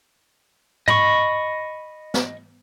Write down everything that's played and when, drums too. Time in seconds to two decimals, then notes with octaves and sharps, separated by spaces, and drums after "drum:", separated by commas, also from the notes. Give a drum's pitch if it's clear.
0.88 D#5 B5 C#6, drum: tom
2.14 drum: snare